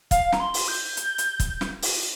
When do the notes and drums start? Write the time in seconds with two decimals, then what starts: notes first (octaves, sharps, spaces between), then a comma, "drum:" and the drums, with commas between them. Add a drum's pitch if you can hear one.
0.11 F5, drum: kick, hi-hat
0.33 A#5, drum: snare
0.40 C6
0.54 drum: open hi-hat
0.68 G6
0.97 drum: hi-hat
1.18 drum: hi-hat
1.40 drum: kick, hi-hat
1.61 drum: snare
1.82 drum: open hi-hat